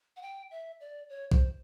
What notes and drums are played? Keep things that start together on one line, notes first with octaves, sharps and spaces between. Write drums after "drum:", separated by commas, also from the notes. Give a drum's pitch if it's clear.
F#5
G5
E5
D5
C#5
C5, drum: kick